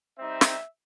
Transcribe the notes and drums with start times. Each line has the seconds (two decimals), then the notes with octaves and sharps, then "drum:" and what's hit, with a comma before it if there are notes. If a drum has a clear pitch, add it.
0.18 G3 C4 D#4 E5
0.41 drum: snare